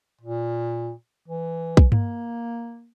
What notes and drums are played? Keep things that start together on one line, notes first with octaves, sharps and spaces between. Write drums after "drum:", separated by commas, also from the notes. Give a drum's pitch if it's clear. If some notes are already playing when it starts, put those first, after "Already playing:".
A#2
E3
drum: kick B1
A#3, drum: tom G2